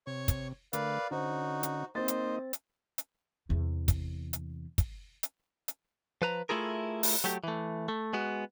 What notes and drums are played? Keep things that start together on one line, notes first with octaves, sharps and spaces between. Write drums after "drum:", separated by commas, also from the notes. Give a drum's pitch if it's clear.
C3 C#5 C#6
drum: kick, hi-hat
D3 A3 A#4 B4 D5 F5, drum: hi-hat
D3 C#4 D#4 F#4 C5
drum: hi-hat
A#3 C4 D#4 C5 D#5 A6
drum: hi-hat
drum: hi-hat
drum: hi-hat
E2 C3
drum: kick, hi-hat
drum: hi-hat
drum: kick, hi-hat
drum: hi-hat
drum: hi-hat
F3 B4 A#5
A3 E4 F4 G#4 A#4
drum: open hi-hat
F#3 A3 G4
E3 A3
A3
G#3 B3 F#4